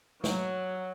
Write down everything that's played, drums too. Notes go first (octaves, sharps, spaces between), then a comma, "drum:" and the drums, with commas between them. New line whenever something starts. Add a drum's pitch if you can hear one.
F#3, drum: snare